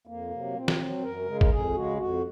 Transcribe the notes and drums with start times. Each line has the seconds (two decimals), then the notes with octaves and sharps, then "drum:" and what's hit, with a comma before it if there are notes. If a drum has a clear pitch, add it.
0.07 F2 A#3
0.30 C3 F#3
0.54 A#2 C4
0.68 drum: snare E3
0.78 F#3
1.02 F#2 A#4
1.26 C#3 G#3
1.41 A#4, drum: kick
1.50 F2 G#4
1.74 C#3 G#3 F#4
1.97 F2 F#4